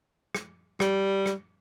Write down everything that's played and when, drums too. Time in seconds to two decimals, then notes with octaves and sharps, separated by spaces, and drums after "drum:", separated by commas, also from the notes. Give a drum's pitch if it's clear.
0.35 drum: rim click
0.80 G3, drum: rim click
1.26 drum: rim click